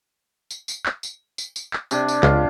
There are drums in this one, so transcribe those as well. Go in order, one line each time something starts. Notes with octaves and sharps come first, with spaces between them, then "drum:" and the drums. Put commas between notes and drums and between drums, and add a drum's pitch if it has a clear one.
drum: tambourine
drum: tambourine
drum: clap
drum: tambourine
drum: tambourine
drum: tambourine
drum: clap
C3 D4, drum: tambourine
drum: tambourine
C#2 F4, drum: clap